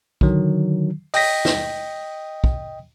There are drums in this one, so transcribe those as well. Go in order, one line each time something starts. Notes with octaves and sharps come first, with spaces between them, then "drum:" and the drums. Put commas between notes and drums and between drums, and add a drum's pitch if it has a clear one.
D3 D#3 F#3, drum: kick
D#5 G5 D#6 A#6 B6, drum: open hi-hat
drum: snare
drum: kick